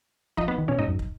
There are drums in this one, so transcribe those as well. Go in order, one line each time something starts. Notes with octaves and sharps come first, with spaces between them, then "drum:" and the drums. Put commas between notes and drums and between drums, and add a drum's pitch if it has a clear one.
F3 D#4 D#5, drum: kick
B3 B4
D#3
B2 C#4 C#5
G#2 D#4 D#5
F#2
drum: kick